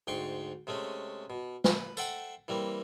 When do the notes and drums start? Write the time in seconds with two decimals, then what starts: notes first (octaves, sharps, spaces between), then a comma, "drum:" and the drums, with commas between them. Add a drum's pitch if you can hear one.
0.07 D2 G#2 G5 C6 C#6
0.67 C3 G#3 A3 C#4
1.30 B2
1.64 B4, drum: snare
1.97 A4 C5 E5 F#5 G5, drum: tambourine
2.48 E3 G3 A#3 C4